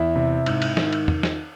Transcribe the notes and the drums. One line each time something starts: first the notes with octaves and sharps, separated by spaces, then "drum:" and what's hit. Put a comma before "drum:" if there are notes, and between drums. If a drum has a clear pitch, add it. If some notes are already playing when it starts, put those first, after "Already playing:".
Already playing: E2 E4 E5
C3
G#2, drum: cymbal
drum: cymbal
D#3, drum: snare
drum: cymbal
drum: tom E2
drum: snare